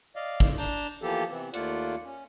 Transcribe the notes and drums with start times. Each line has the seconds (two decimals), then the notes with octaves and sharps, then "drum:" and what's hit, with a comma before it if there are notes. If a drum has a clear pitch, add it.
0.16 D5 D#5 F5
0.40 drum: kick
0.58 D4 A5 A#5 G6, drum: open hi-hat
1.02 E3 F3 A#3 B3 G4 A4
1.31 C3 E3 B3 C4
1.54 D#2 A3 A#3 F4 D5 F#5, drum: hi-hat
2.05 C#4